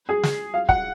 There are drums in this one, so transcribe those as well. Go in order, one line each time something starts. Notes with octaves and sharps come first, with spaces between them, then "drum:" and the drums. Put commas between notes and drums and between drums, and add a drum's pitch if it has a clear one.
G#4
drum: snare
F5
F#5, drum: kick